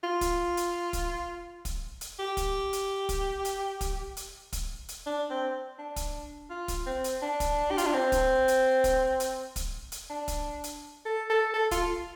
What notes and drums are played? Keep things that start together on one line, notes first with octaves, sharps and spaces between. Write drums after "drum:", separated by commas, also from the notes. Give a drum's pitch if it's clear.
F4
drum: kick, hi-hat
drum: hi-hat
drum: kick, hi-hat
drum: kick, hi-hat
drum: hi-hat
G4
drum: kick, hi-hat
drum: hi-hat
drum: kick, hi-hat
drum: hi-hat
drum: kick, hi-hat
drum: hi-hat
drum: kick, hi-hat
drum: hi-hat
D4
C4
D4
drum: kick, hi-hat
F4
drum: kick, hi-hat
C4
drum: hi-hat
D4
drum: kick, hi-hat
G4
F4, drum: hi-hat
D4
C4
drum: kick, hi-hat
drum: hi-hat
drum: kick, hi-hat
drum: hi-hat
drum: kick, hi-hat
drum: hi-hat
D4
drum: kick, hi-hat
drum: hi-hat
A4
A4
A4
F4, drum: kick, hi-hat